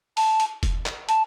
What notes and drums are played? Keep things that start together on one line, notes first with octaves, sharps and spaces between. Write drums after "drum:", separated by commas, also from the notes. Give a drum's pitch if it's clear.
A5, drum: open hi-hat
drum: hi-hat
drum: kick, hi-hat
drum: clap
A5, drum: hi-hat